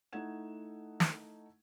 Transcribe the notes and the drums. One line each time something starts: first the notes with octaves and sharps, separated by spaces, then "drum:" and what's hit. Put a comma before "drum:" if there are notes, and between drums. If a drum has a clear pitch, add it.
A3 D#4 E4 F#5 G#6 E7
drum: snare